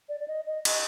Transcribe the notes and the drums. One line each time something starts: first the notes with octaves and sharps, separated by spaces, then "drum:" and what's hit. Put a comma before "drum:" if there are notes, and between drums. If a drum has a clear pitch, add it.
D5
D5
D#5
D#5
D#5, drum: cymbal